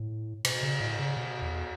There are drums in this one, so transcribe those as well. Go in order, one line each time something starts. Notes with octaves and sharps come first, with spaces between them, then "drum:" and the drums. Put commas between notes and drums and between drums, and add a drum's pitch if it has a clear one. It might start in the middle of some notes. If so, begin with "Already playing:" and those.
Already playing: A2
B2, drum: cymbal
C#3
A2
C#3
B2
E2